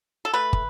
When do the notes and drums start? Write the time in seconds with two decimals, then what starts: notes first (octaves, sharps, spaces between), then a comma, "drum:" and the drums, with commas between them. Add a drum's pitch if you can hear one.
0.25 A4
0.33 A3 B4
0.53 drum: kick